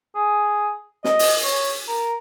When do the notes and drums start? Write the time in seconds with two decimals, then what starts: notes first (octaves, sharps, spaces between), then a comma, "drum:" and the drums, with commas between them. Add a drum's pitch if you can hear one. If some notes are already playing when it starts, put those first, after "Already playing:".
0.15 G#4
1.04 D#5, drum: snare
1.19 drum: open hi-hat
1.43 C#5
1.88 A#4